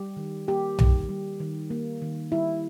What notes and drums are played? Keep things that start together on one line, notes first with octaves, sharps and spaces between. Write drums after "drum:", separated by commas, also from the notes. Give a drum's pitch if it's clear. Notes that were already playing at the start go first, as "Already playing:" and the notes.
Already playing: G3 G4
D#3
A#3 G4
D#3, drum: tom B1
G3
D#3
A#3
D#3
G3 E4